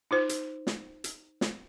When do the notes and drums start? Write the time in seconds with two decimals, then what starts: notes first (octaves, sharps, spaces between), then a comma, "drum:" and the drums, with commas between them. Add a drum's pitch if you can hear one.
0.11 D#4 F4 C5
0.29 drum: hi-hat
0.67 drum: snare
1.04 drum: hi-hat
1.41 drum: snare